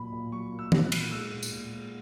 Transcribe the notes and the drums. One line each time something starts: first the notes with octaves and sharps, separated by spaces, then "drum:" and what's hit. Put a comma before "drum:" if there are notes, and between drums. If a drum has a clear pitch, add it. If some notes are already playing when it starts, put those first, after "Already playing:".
Already playing: A#2 F#3 A#3 B5
A#2
F#3 C#6
A#3
E6
A#2, drum: tom
F#6
A#2, drum: cymbal
G#3 E6
A#2
drum: tambourine
A#2
G#3